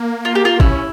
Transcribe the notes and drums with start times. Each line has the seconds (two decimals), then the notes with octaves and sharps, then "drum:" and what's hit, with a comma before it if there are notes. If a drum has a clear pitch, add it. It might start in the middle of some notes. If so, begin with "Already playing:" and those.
Already playing: A#3
0.25 F4
0.35 G4
0.45 F4
0.60 C#4 E4, drum: kick